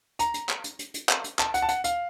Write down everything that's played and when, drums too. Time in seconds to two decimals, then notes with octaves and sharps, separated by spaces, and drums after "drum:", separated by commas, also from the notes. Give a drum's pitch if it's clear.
0.19 A#5, drum: hi-hat
0.34 drum: hi-hat
0.49 drum: clap
0.64 drum: hi-hat
0.79 drum: hi-hat
0.94 drum: hi-hat
1.09 drum: clap
1.24 drum: hi-hat
1.39 A5, drum: clap
1.54 F#5, drum: hi-hat
1.62 A5
1.69 F#5, drum: hi-hat
1.84 F5, drum: hi-hat